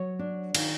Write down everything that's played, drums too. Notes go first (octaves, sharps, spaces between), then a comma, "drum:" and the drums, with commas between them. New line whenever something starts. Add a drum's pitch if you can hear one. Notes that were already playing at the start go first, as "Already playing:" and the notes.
Already playing: F#3 C#5
D4
D#3, drum: cymbal